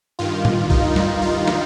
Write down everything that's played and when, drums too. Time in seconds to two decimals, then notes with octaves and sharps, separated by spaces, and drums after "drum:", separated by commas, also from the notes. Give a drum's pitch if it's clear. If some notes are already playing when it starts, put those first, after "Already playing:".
0.19 G2 D#3 F4
0.45 drum: tom
0.70 D#4, drum: kick B1
0.96 drum: snare
1.22 F4
1.48 drum: snare